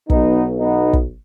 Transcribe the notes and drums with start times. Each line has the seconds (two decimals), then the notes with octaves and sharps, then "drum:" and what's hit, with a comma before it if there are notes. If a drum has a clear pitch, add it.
0.10 B1 B2 B3 D#4, drum: kick
0.60 B3 D#4
0.93 drum: kick